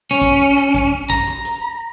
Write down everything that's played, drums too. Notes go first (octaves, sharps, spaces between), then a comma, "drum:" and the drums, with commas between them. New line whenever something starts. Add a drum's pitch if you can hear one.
C#4
drum: kick
drum: hi-hat
drum: rim click
drum: kick, hi-hat
A#5, drum: kick, hi-hat
drum: rim click
drum: hi-hat